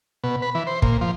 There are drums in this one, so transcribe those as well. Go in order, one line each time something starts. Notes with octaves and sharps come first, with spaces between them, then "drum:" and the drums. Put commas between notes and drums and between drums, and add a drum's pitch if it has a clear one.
B2
B4
E3
C5
A#2, drum: kick
F3